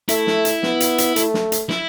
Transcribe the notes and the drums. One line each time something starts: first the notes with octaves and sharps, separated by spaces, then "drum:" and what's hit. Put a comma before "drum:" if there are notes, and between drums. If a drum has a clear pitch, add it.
A3 E4, drum: hi-hat
drum: snare
drum: hi-hat
B3, drum: snare
drum: hi-hat
drum: hi-hat
A3, drum: hi-hat
drum: snare
drum: hi-hat
E4, drum: snare